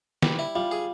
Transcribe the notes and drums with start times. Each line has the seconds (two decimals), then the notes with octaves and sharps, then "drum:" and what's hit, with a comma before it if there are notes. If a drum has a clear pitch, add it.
0.23 G3, drum: snare
0.39 E4
0.55 G3 F4
0.71 G#4